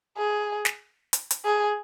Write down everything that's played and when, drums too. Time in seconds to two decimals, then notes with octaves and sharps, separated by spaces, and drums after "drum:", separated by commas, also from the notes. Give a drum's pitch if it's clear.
0.18 G#4
0.65 drum: snare
1.13 drum: hi-hat
1.31 drum: hi-hat
1.45 G#4